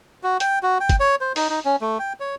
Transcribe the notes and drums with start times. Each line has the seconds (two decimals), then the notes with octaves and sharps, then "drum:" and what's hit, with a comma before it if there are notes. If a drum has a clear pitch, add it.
0.23 F#4
0.40 G5, drum: hi-hat
0.63 F#4
0.80 G5
0.89 drum: kick, hi-hat
1.00 C#5
1.21 C5
1.36 D#4, drum: open hi-hat
1.50 D#4
1.65 C#4
1.81 A3
1.99 G5
2.20 C#5